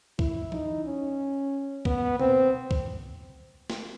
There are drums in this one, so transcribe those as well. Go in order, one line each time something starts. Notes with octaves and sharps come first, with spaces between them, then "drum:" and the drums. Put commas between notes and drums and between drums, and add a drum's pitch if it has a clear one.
E4, drum: kick
D#4, drum: tom E3
C#4
B3, drum: kick
C4, drum: tom B2
drum: kick
drum: snare